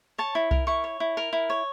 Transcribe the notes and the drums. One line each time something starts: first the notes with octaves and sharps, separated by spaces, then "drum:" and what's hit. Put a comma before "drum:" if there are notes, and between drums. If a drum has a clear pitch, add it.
C#5 A5
E4
A#4, drum: kick C2
E4 C#6
C#5
E4
A#4
E4
C#5